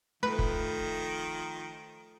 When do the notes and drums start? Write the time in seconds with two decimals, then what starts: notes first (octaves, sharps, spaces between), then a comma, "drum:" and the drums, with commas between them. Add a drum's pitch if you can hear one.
0.23 D#3 F3 A3 B4
0.39 drum: kick